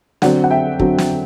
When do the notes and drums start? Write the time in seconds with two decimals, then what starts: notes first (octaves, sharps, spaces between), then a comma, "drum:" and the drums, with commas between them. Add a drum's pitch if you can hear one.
0.22 D3 F#3 C4 D5 F#5, drum: snare
0.44 F#5
0.51 E5 G5
0.79 D3 F#3 C4, drum: kick
0.98 drum: snare